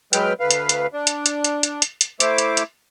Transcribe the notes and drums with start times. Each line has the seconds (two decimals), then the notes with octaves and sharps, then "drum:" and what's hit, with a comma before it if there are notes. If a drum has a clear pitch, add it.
0.13 F#3 G#3 B4 G5 F6, drum: hi-hat
0.40 D2 B4 F5
0.51 drum: hi-hat
0.69 drum: hi-hat
0.93 D4
1.07 drum: hi-hat
1.26 drum: hi-hat
1.44 drum: hi-hat
1.63 drum: hi-hat
1.82 drum: hi-hat
2.01 drum: hi-hat
2.20 A3 E4 C5 D6, drum: hi-hat
2.38 drum: hi-hat
2.57 drum: hi-hat